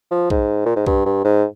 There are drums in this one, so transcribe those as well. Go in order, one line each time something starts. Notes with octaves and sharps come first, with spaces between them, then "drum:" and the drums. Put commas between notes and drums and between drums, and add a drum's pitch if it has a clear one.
F3
G#2, drum: kick B1
A#2
G#2
G2, drum: kick B1
G2
G#2